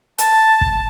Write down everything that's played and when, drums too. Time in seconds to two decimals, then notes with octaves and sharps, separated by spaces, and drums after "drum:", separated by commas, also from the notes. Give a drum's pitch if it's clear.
0.18 A5, drum: hi-hat
0.61 drum: kick